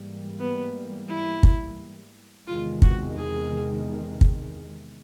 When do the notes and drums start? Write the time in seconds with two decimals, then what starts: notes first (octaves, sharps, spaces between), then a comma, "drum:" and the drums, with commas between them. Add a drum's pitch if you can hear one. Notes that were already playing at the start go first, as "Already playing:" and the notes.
Already playing: G#2 E3 G3 A#3
0.39 B3
1.08 E4
1.43 drum: kick
2.47 E2 C3 D#3 G#3 F4
2.82 F#4, drum: kick
3.17 G#4
4.21 drum: kick